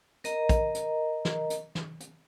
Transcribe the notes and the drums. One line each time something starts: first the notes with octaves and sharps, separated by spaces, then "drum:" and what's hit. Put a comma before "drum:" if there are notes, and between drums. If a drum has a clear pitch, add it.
A#4 D#5 A#5, drum: hi-hat
drum: kick, hi-hat
drum: hi-hat
drum: snare
drum: hi-hat
drum: snare
drum: hi-hat